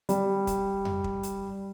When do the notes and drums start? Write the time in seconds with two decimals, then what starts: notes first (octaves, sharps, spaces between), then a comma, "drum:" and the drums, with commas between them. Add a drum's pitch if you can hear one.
0.09 G3, drum: hi-hat
0.47 drum: kick, hi-hat
0.85 drum: tom F2
1.04 drum: kick
1.23 drum: hi-hat